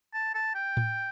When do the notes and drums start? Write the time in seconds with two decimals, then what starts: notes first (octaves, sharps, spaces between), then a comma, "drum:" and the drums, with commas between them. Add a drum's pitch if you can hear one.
0.13 A5
0.35 A5
0.55 G5
0.77 drum: tom A2